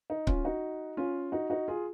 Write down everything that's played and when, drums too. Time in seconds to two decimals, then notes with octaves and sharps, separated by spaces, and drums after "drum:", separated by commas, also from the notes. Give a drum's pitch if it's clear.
0.10 D#4
0.27 C#4 F4, drum: kick C#1
0.45 D#4 F#4
0.97 C#4 F4
1.32 D#4 F#4
1.50 D#4 F#4
1.68 F4 G#4